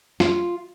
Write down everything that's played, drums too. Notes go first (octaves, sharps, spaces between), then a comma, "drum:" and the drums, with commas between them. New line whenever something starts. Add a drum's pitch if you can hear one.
F4, drum: snare